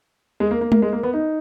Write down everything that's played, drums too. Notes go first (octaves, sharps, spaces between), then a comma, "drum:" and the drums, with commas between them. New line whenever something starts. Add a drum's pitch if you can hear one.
G#3
A#3
A#3
A#3, drum: tom G#3
G#3
A#3
B3
D#4